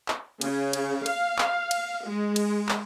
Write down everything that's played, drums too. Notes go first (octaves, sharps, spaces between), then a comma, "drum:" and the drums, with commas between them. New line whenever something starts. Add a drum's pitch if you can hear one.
drum: clap
C#3, drum: cymbal
drum: cymbal
F5, drum: cymbal
drum: clap
drum: cymbal
G#3
drum: cymbal
drum: clap